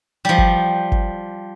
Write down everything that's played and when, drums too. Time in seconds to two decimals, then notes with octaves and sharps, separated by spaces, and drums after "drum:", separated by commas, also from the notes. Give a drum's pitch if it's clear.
0.25 F3 G3
0.38 drum: kick G1
0.92 drum: kick G1